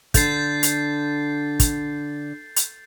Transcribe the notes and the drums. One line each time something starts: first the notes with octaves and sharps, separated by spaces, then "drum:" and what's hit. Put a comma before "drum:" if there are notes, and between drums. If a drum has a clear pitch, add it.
D3 G6 A6 C7, drum: kick, hi-hat
drum: hi-hat
drum: kick, hi-hat
drum: hi-hat